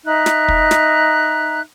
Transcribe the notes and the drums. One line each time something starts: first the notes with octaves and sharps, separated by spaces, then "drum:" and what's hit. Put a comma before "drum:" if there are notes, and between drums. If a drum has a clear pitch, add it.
D#4 E5 A#5 F#6
drum: snare
drum: kick
drum: snare